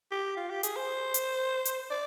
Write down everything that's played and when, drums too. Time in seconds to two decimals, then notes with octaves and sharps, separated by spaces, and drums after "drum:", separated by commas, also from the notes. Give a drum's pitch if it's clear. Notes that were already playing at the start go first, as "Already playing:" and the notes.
0.12 G4
0.37 F4
0.50 G4
0.63 G#4, drum: hi-hat
0.76 C5
1.14 drum: hi-hat
1.65 drum: hi-hat
1.91 D5